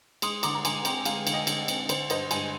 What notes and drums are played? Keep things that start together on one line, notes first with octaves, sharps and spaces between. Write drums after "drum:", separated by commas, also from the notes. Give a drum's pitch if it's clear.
G#3 C6 D#6, drum: cymbal
D3 A#5 D6, drum: cymbal
A#5
D3 G#5 C6, drum: cymbal
C4 G5 A#5, drum: cymbal
G#3 F5 G#5, drum: cymbal
D3, drum: cymbal
D#5 G5
D3, drum: cymbal
C4, drum: cymbal
D3 C5, drum: cymbal
G2 C5 D#5, drum: cymbal
G2 G#5 C6, drum: cymbal